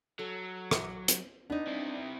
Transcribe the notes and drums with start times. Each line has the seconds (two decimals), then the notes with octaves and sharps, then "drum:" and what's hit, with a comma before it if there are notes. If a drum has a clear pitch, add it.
0.19 F#3 A4
0.71 drum: rim click
1.08 drum: hi-hat
1.50 B3 D4 D#4
1.67 C3 E4